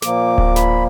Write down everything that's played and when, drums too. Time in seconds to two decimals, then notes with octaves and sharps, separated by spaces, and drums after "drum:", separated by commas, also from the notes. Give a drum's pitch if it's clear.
0.02 A#2 F3 A#3 D6, drum: snare
0.38 drum: kick D1
0.56 B5, drum: snare